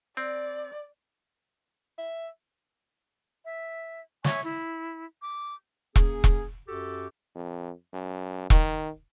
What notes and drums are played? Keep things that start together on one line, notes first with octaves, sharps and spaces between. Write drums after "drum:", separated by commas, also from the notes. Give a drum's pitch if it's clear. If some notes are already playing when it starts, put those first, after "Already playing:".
C4 D5
E5
E5
C#5 E5 G#5 C#6, drum: snare
E4
D6
A#3 C#4 G#4, drum: kick E1
drum: kick E1
F#2 F#4 G4 A4
F2
F#2
D#3, drum: kick E1